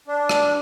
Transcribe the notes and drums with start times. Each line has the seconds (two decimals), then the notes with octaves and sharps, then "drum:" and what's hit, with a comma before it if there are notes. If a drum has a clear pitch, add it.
0.08 D4
0.29 drum: rim click